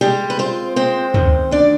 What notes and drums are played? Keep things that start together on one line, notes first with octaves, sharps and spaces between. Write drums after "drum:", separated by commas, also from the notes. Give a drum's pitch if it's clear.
G3 G#3 G4
B4
C4 F4 C5
G#3 C4 C5
D#3, drum: tom
D2 D4 D5